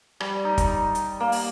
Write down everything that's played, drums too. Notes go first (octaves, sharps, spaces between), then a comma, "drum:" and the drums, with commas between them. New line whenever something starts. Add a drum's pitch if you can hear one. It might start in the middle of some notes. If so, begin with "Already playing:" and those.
G3, drum: rim click
D#4
drum: kick, hi-hat
drum: hi-hat
A#3
drum: open hi-hat